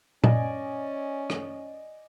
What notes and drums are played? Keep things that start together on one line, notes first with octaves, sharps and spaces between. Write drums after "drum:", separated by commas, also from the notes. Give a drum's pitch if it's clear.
C#4 D5 D#5 G#5, drum: tom A#2
drum: rim click